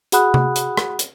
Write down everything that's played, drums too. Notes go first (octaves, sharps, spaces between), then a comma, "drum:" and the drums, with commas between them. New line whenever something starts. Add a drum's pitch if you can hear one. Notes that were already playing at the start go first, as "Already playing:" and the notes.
F#4 G#4 F#5 B5 D#6 F#6, drum: hi-hat
drum: tom C3
drum: hi-hat
drum: rim click
drum: hi-hat